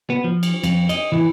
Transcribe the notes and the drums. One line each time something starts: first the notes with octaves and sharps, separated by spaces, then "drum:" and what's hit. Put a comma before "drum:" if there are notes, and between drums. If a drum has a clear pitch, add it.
B3
F3
drum: cymbal
F2, drum: cymbal
D#5, drum: cymbal
E3, drum: tom